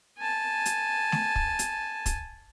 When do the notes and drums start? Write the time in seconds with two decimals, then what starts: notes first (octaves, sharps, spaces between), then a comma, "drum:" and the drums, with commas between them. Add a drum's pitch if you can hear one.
0.19 G#5 A5
0.66 drum: hi-hat
1.12 drum: snare A3
1.36 drum: kick
1.59 drum: hi-hat
2.06 drum: kick, hi-hat